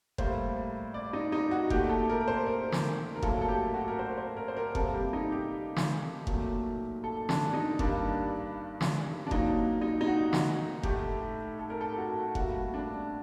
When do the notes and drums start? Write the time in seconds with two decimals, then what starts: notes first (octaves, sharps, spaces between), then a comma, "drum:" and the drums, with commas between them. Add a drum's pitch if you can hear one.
0.18 A2 G3 A#3 C5, drum: kick F#1
0.94 D5
1.13 D#4
1.32 D#4
1.51 F#4
1.70 A#2 A3 G4, drum: kick F#1
1.89 A4
2.10 A#4
2.21 A#4
2.28 C5
2.46 A#4
2.72 drum: snare
3.16 A#4
3.22 A2 F#3 A#3 A4, drum: kick F#1
3.41 A4
3.48 G4
3.74 F#4
3.88 A#4
3.99 C5
4.17 C5
4.37 A#4
4.48 C5
4.57 A#4
4.75 C3 G3 A#3 A4, drum: kick F#1
4.94 G4
5.13 D#4
5.32 G4
5.76 drum: snare
6.27 A#2 F#3 A3, drum: kick F#1
7.04 A4
7.29 D4, drum: snare
7.54 D#4
7.79 G2 D#3 G3 A#3 D4, drum: kick F#1
8.81 drum: snare
9.27 D4
9.31 A#2 F#3 A#3 D#4, drum: kick F#1
9.81 D#4
10.01 D#4
10.07 F#4
10.33 drum: snare
10.83 A2 A3 G4, drum: kick F#1
11.59 A4
11.70 A#4
11.81 A4
11.98 F#4
12.35 A2 G3 A#3 F#4, drum: kick F#1
12.74 D4